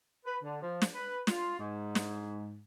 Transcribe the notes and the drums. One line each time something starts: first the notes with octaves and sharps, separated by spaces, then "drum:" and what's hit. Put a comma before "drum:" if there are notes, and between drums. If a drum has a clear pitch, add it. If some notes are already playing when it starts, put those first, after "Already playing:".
B4
D3
F3
drum: snare
B4
F4, drum: snare
G#2
drum: snare